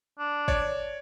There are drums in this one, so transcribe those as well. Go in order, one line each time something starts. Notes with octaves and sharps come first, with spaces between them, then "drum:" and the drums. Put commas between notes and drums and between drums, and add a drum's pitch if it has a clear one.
D4
C#5 D5, drum: kick